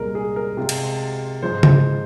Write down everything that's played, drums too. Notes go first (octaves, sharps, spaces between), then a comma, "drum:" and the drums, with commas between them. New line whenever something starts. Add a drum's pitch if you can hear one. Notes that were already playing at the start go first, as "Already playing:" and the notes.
Already playing: C2 A#2 G#3 A#4
G#4
A#4
C3 G#3 F4
drum: cymbal
G#2 F3 G#3 F4 C5
drum: tom C#3